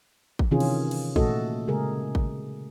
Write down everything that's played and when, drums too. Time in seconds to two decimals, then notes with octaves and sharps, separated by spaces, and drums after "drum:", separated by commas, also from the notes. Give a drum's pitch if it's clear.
0.39 drum: kick
0.51 C3 D#3 E3 C#4 F4 G#4
0.60 drum: cymbal
0.91 drum: cymbal
1.16 A#2 A3 F#4 A4 D#5, drum: kick
1.68 C#3 G#3 G#4 A#4
2.15 drum: kick